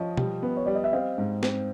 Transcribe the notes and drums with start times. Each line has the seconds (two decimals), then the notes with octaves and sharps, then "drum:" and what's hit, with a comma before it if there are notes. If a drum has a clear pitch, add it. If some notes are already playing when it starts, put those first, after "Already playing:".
Already playing: F3 C#5 D#5
0.17 G3, drum: tom B2
0.42 B3
0.57 C#5
0.66 G3 D5
0.75 D#5
0.84 E5
0.92 C4 D#5 F5
1.18 G#2
1.43 C4, drum: snare